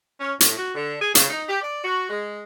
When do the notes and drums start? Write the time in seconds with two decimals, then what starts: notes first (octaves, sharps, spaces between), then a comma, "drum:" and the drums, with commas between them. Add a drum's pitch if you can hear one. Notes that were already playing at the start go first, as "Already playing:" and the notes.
0.21 C#4
0.40 A2, drum: hi-hat
0.57 F#4
0.75 D3
1.02 G#4
1.15 C#3, drum: hi-hat
1.30 D#4
1.48 G4
1.62 D5
1.84 F#4
2.10 G#3